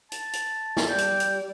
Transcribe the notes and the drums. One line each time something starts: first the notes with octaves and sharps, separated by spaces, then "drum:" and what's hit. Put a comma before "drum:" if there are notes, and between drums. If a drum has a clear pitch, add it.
A5, drum: hi-hat
drum: hi-hat
drum: snare
G3 D5 G5
drum: hi-hat
drum: hi-hat